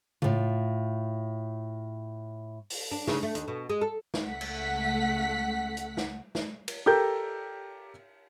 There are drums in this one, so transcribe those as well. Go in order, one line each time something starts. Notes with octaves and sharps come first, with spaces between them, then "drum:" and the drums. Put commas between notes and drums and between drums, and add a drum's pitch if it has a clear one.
A2 F4, drum: tom C#3
drum: open hi-hat
D4
C#3, drum: snare
A3
D#2, drum: hi-hat
B2
G#3
A4
drum: snare
C#2 A3 F#5 B6
drum: cymbal
drum: hi-hat
drum: snare
drum: snare
drum: cymbal
G4 A4 A#4 G6